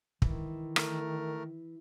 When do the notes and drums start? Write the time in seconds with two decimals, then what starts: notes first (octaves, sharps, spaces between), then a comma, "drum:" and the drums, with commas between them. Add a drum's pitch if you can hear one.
0.22 D#3 E3, drum: kick
0.76 A3 A#4, drum: rim click